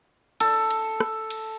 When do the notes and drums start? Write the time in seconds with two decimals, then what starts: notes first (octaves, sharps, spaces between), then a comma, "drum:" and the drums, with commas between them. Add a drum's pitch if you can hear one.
0.40 A4, drum: cymbal
0.70 drum: cymbal
1.00 drum: rim click
1.30 drum: cymbal